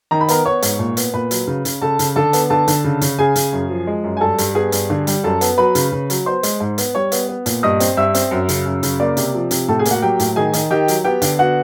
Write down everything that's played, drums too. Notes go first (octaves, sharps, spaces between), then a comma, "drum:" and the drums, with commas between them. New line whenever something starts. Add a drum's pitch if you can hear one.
D#3 A#5
B5
B3 A#4 A#5, drum: hi-hat
B3 C#5 C#6
G#2, drum: hi-hat
A#2
B3, drum: hi-hat
A#2 B4 B5
F#3, drum: hi-hat
C#3
C#3, drum: hi-hat
C#3 A4 A5
C#3, drum: hi-hat
D3 A4 A5
B3, drum: hi-hat
D3 A4 A5
D3, drum: hi-hat
C#3
C#3, drum: hi-hat
C#3 G#4 G#5
C#3, drum: hi-hat
F#2
F3
G#3
F#2
G#5
G2 A4 A5
G2, drum: hi-hat
B3 G#4 G#5
G2, drum: hi-hat
D3
G3, drum: hi-hat
F#2 A4 A5
B3, drum: hi-hat
F#3 B4 B5
C#3, drum: hi-hat
C#3
F#3, drum: hi-hat
B3 C5 C6
G#3, drum: hi-hat
G#2
B3, drum: hi-hat
G3 C#5 C#6
B3, drum: hi-hat
B3
A#2, drum: hi-hat
G2 D#5 D#6
C4, drum: hi-hat
G2 E5 E6
C4, drum: hi-hat
F#2
C#3, drum: hi-hat
F#2
C#3, drum: hi-hat
A#3 D5 D6
C3, drum: hi-hat
F3
C3, drum: hi-hat
A2 A4 A5
G#4 G#5
A#3, drum: hi-hat
F#4 F#5
F#3 G4 G5
A2, drum: hi-hat
D#3 G#4 G#5
D#3, drum: hi-hat
D#3 G4 G5
F#3, drum: hi-hat
B3 G4 G5
D3, drum: hi-hat
B3 F#4 F#5